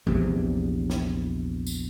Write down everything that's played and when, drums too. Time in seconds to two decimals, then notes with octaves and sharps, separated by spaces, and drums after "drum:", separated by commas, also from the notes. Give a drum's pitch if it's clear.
0.07 A#1 E2 C3, drum: tom D#3
0.90 drum: snare
1.67 drum: tambourine